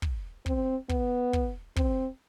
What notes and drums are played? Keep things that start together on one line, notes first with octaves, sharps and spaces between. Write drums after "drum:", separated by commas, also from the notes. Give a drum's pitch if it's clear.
drum: kick
C4, drum: kick
B3, drum: kick
drum: kick
C4, drum: kick